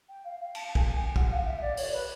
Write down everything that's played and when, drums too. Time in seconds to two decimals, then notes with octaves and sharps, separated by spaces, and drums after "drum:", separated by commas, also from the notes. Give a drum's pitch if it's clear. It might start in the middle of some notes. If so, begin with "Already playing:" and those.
0.09 G5
0.24 F5
0.40 F5
0.55 A5, drum: cymbal
0.68 A5
0.75 G#5, drum: kick
0.86 G#5
0.95 G5
1.16 F#5, drum: kick
1.31 F5
1.46 E5
1.62 D5
1.77 C#5, drum: open hi-hat
1.93 B4